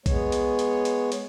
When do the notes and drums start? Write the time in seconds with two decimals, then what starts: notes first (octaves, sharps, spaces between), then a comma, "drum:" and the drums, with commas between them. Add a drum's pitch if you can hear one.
0.06 G#3 B3 C#5, drum: kick A#1, hi-hat
0.32 drum: hi-hat
0.59 drum: hi-hat
0.85 drum: hi-hat
1.12 drum: hi-hat